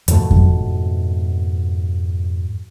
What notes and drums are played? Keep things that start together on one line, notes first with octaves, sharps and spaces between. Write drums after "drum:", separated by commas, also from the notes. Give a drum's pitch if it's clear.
F2 G#2 B2 A3, drum: hi-hat
drum: kick F2